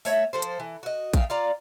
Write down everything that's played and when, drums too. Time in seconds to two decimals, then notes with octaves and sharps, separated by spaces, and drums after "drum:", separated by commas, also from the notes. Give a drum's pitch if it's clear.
0.05 A3 C#5 E5, drum: open hi-hat
0.33 F3 A4 C5
0.42 drum: hi-hat
0.60 E3
0.83 F#4 D#5
1.13 D#3 A3 F5 G5, drum: kick A1, hi-hat
1.30 F4 D5 A#5